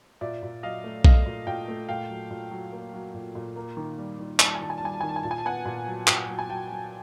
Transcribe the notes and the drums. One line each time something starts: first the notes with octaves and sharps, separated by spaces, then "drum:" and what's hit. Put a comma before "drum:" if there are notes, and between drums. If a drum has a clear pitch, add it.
A#2 D5 E5
A#2
F#3 D#5 F5
A3
A3 D#5 F5, drum: kick B1
A#2
A#2 F5 G5
A3
A#2 F5 G5
F#3
A#2
F#3
A#3
F#3
A#2
A#2
A#3
D#3
G3
D#3
G3 G#5, drum: clap
A5
G#5
D#3 A5
G#5
A5
G3 G#5
A5
D#3 G#5
A5
G#5
A#2 A5
G#5
A5
B3 F#5 G#5
A#2
F#3
A#2 G5 A5, drum: clap
F#3
G#5
F#3 G5 A5
F#3